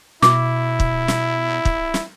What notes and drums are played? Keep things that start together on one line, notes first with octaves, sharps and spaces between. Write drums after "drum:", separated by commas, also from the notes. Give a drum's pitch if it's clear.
B2 E4 D6, drum: snare
drum: kick
drum: snare
drum: kick
drum: snare